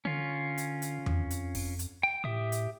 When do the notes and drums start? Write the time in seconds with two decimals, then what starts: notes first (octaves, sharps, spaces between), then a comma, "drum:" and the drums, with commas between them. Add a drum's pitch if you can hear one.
0.05 D3 C#4 F4
0.58 drum: hi-hat
0.82 drum: hi-hat
1.06 F2, drum: tom E2
1.30 drum: hi-hat
1.55 drum: kick, open hi-hat
1.79 drum: hi-hat
2.03 G5
2.24 A2 G4 E5 D#6
2.52 drum: hi-hat